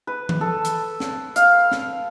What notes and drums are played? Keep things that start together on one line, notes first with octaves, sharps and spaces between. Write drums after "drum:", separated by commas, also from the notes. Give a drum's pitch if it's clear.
B4
drum: tom D#3
A4
drum: hi-hat
drum: snare
F5, drum: hi-hat
drum: snare